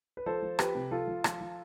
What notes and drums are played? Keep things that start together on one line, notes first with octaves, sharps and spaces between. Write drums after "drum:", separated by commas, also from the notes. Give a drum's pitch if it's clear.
B4
F3 A4 C5
F3
F3 G4 B4, drum: rim click
C3
F3 F4 A4
F3
F3, drum: rim click
F3